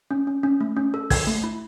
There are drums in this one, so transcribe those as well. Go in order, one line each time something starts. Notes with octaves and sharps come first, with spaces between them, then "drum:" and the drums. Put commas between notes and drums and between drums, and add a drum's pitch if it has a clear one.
C#4
C#4
C#4
A3
C#4
A4
A4 G#6, drum: kick, open hi-hat
A3
E4